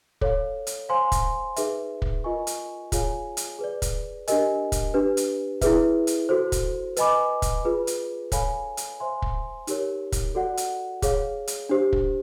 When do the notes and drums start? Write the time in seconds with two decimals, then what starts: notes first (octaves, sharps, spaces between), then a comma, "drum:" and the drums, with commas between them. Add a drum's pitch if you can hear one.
0.21 A4 C#5 F5, drum: kick
0.67 drum: hi-hat
0.89 C5 F5 G#5 C6
1.12 drum: kick, hi-hat
1.56 D#4 G#4 B4 E5, drum: hi-hat
2.02 drum: kick
2.24 F4 A#4 D#5 G#5 C#6
2.47 drum: hi-hat
2.92 F4 G#4 C#5 F5 G#5, drum: kick, hi-hat
3.37 drum: hi-hat
3.59 G#4 B4 D5
3.82 drum: kick, hi-hat
4.28 D4 G4 A#4 D#5 G#5, drum: hi-hat
4.72 drum: kick, hi-hat
4.94 D4 G4 B4
5.17 drum: hi-hat
5.61 E4 G#4 B4 E5, drum: kick, hi-hat
6.07 drum: hi-hat
6.29 F#4 A4 C5
6.52 drum: kick, hi-hat
6.97 B4 D#5 G#5 B5 D6, drum: hi-hat
7.42 drum: kick, hi-hat
7.65 F4 G#4 B4
7.87 drum: hi-hat
8.32 A4 C#5 F5 G#5 B5, drum: kick, hi-hat
8.77 drum: hi-hat
9.00 C5 E5 G#5 C6
9.22 drum: kick
9.67 D#4 G4 A#4 C#5, drum: hi-hat
10.12 drum: kick, hi-hat
10.35 F#4 A4 D5 F#5
10.57 drum: hi-hat
11.02 G#4 C#5 F5, drum: kick, hi-hat
11.47 drum: hi-hat
11.69 D4 G4 C5
11.93 drum: kick